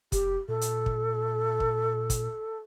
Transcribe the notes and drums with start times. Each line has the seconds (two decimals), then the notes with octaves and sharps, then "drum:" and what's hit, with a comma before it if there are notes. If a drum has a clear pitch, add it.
0.12 F1 G4, drum: kick, hi-hat
0.48 A#2 A4
0.61 drum: hi-hat
0.86 drum: kick
1.60 drum: kick
2.10 drum: kick, hi-hat